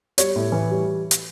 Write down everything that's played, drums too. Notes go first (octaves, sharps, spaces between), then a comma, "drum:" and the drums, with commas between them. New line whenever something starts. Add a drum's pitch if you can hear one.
G3 C#5, drum: hi-hat
A2
E3
G3
drum: hi-hat